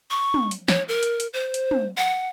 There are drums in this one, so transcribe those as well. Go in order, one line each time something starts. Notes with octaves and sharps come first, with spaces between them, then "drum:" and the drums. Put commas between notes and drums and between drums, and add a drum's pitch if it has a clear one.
C#6
drum: tom
drum: hi-hat
C#5, drum: snare
A#4
drum: hi-hat
drum: hi-hat
C5
drum: hi-hat
drum: tom
F#5